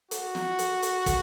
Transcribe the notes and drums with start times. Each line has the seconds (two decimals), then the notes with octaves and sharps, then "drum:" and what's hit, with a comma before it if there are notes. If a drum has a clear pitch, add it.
0.11 F#4, drum: hi-hat
0.35 drum: snare
0.59 drum: hi-hat
0.82 drum: hi-hat
1.06 drum: kick, hi-hat